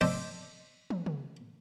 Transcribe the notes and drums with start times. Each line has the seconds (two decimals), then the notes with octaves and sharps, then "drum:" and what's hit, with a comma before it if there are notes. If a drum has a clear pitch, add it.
0.01 A4 C5 D5 D#5 G5 A5, drum: cymbal
0.90 drum: tom
1.06 drum: tom